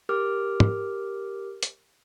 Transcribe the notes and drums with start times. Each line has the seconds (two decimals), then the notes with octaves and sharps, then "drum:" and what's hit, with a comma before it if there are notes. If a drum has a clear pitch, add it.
0.09 G4 A#4 D6 F6
0.60 drum: tom
1.63 drum: hi-hat